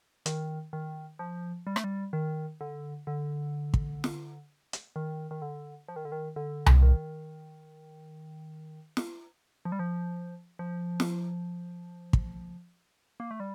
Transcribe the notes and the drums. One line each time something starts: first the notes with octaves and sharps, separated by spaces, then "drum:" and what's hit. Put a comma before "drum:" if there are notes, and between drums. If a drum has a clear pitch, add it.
D#3, drum: hi-hat
D#3
F3
G3
A3, drum: rim click
G3
D#3
D3
D3
drum: kick
drum: snare
drum: hi-hat
D#3
D#3
D3
F3
D#3
D3
D#3
D3
drum: tom C2
D#3
drum: snare
F3
G3
F3
F3
drum: snare
drum: kick
A#3
A3
G3